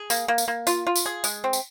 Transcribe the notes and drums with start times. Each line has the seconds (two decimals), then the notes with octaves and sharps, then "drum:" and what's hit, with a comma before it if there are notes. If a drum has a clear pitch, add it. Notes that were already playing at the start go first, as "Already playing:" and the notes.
Already playing: G#4
0.10 A#3, drum: tambourine
0.28 A#3
0.38 drum: tambourine
0.48 A#3
0.67 F4, drum: tambourine
0.87 F4
0.96 drum: tambourine
1.06 G#4
1.24 G#3, drum: tambourine
1.44 C4
1.53 drum: tambourine